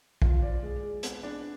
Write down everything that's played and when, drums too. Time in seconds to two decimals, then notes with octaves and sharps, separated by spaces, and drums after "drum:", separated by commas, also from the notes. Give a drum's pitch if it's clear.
0.22 F4, drum: kick B1
0.42 D5
0.63 G#3
0.83 G#3
1.03 B3, drum: hi-hat
1.23 D4